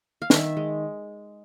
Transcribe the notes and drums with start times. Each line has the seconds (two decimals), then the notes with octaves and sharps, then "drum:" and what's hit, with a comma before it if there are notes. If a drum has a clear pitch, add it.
0.22 F5
0.30 D#3 E5, drum: snare
0.57 G#3